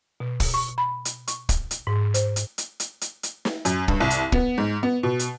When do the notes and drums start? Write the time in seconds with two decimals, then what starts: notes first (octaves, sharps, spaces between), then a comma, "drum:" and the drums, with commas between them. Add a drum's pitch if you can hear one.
0.20 B2
0.40 drum: kick, open hi-hat
0.54 C#6
0.78 B5
1.05 drum: hi-hat
1.28 C#6, drum: hi-hat
1.49 drum: kick, hi-hat
1.71 drum: hi-hat
1.87 G#2
2.14 C5, drum: hi-hat
2.36 drum: hi-hat
2.58 drum: hi-hat
2.80 drum: hi-hat
3.01 drum: hi-hat
3.23 drum: hi-hat
3.45 drum: snare
3.65 F#2, drum: hi-hat
3.88 G2, drum: kick
4.00 C2
4.10 drum: hi-hat
4.32 B3, drum: kick
4.58 G#2
4.83 B3
5.03 B2
5.19 drum: hi-hat